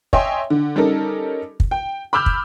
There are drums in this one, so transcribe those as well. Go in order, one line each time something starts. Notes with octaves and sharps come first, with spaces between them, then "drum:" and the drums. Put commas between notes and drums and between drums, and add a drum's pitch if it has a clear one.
C#5 D#5 E5 G5 G#5 C6, drum: kick
D3
G3 C#4 D#4 A4 A#4
drum: kick
G5
B5 D6 E6 F6 G6
drum: kick